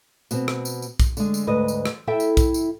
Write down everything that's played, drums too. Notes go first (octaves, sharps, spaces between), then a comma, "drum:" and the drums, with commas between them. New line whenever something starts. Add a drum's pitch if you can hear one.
B2 C4, drum: tambourine
drum: rim click
drum: tambourine
drum: tambourine
drum: kick, tambourine
D3 G#3, drum: tambourine
drum: tambourine
D2 G#2 B4 D#5
drum: tambourine
drum: rim click
E4 A4 E5 G5
drum: tambourine
drum: kick, tambourine
drum: tambourine